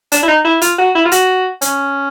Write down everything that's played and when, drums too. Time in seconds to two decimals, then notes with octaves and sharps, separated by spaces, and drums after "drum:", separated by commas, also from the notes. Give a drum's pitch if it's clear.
0.12 D4, drum: hi-hat
0.23 E4
0.28 D#4
0.45 E4
0.61 F4, drum: hi-hat
0.78 F#4
0.95 E4
1.05 F4
1.12 F#4, drum: hi-hat
1.61 C#4, drum: hi-hat